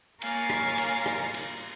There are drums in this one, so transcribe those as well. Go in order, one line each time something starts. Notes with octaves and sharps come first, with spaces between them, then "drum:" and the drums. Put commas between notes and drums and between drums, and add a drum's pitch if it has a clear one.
A#3 A#4 C#5 F5 G#5 A6, drum: cymbal
drum: rim click
drum: cymbal
drum: rim click
drum: cymbal